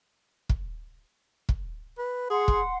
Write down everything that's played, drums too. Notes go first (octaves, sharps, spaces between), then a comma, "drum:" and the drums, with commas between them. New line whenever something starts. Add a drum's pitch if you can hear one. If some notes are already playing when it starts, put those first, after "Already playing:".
drum: kick
drum: kick
B4
G#4 F#5 C6
drum: kick